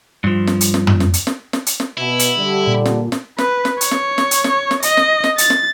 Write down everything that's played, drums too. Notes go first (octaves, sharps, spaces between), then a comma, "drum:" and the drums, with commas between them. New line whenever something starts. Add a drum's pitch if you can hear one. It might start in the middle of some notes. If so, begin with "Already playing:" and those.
G2 F3
drum: snare
drum: hi-hat
drum: snare
drum: tom
drum: snare
drum: hi-hat
drum: snare
drum: snare
drum: hi-hat
drum: snare
B2 E4
drum: hi-hat
D3 G3
A#2
drum: snare
drum: snare
B4, drum: snare
drum: snare
C#5, drum: hi-hat
drum: snare
drum: snare
drum: hi-hat
drum: snare
drum: snare
D#5, drum: hi-hat
drum: snare
drum: snare
A6, drum: hi-hat
drum: snare